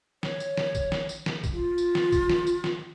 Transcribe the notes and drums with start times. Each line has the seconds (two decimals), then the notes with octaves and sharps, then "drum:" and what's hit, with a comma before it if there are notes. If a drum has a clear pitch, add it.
0.23 C#5, drum: snare
0.40 drum: tambourine
0.57 drum: snare
0.75 drum: kick, tambourine
0.92 drum: snare
1.09 drum: tambourine
1.26 drum: snare
1.44 drum: kick, tambourine
1.53 F4
1.78 drum: tambourine
1.95 drum: snare
2.12 drum: kick, tambourine
2.30 drum: snare
2.47 drum: tambourine
2.64 drum: snare